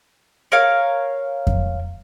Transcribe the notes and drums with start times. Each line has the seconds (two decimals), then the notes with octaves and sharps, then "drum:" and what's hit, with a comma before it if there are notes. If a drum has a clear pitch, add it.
0.52 A#4 C#5 F5
1.47 drum: kick F2